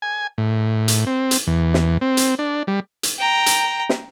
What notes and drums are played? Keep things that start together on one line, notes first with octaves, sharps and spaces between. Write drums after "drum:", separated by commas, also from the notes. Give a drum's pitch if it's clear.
G#5
A2
drum: hi-hat
C4
drum: hi-hat
E2
drum: snare
C4
drum: hi-hat
D4
G3
drum: hi-hat
G5 A#5
drum: hi-hat
drum: snare